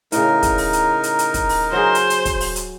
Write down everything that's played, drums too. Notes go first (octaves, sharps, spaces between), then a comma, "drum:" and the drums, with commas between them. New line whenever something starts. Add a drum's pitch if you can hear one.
A2 C#3 D#4 A#4, drum: hi-hat
drum: kick, hi-hat
drum: open hi-hat
drum: hi-hat
drum: hi-hat
drum: hi-hat
drum: kick, hi-hat
drum: open hi-hat
F#3 F#4 G#4 C5
drum: hi-hat
drum: hi-hat
drum: kick, hi-hat
drum: open hi-hat
drum: hi-hat